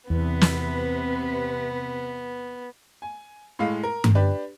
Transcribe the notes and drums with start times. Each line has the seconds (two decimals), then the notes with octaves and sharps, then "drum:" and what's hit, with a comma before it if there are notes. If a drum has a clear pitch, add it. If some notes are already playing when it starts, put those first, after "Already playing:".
0.10 E2 C3 B3 B4
0.41 drum: snare
3.02 G#5
3.59 A2 G#3 F5
3.83 A#4
4.04 drum: tom G2
4.15 D4 G4 B4